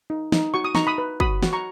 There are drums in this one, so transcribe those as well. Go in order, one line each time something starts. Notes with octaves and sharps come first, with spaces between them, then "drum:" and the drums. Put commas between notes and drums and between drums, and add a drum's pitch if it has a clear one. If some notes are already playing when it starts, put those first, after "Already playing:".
D#4
D#4, drum: snare
F#4 C#6
D#6
D#4 A#5 C#6, drum: snare
B5 D#6
B4
F#4 B5 D#6, drum: kick
F#4, drum: snare
A#5 C#6